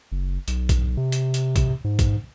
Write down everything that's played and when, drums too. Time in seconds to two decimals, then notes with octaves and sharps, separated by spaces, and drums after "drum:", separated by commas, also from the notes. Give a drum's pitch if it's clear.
0.12 F#1
0.48 B1, drum: hi-hat
0.69 drum: kick, hi-hat
0.97 C3
1.12 drum: hi-hat
1.34 drum: hi-hat
1.56 drum: kick, hi-hat
1.84 G#2
1.99 drum: kick, hi-hat